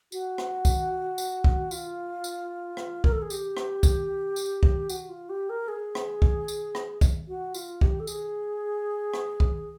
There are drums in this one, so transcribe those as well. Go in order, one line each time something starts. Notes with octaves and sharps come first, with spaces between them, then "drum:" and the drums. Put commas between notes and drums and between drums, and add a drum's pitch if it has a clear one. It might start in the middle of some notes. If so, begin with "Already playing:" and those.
F#4, drum: tambourine
drum: rim click
drum: kick, tambourine
drum: tambourine
drum: kick
F4, drum: tambourine
drum: tambourine
drum: rim click
A#4, drum: kick
A4
G#4
G4, drum: tambourine
drum: rim click
drum: kick, tambourine
drum: tambourine
drum: kick
F#4, drum: tambourine
F4
G4
A#4
G#4
drum: rim click
drum: kick
drum: tambourine
drum: rim click
drum: kick, tambourine
F#4
F4, drum: tambourine
G4, drum: kick
A4
G#4, drum: tambourine
drum: rim click
drum: kick